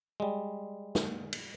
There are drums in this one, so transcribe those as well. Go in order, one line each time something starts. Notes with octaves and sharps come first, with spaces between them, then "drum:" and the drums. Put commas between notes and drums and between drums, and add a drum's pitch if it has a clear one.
G3 G#3
drum: snare
drum: cymbal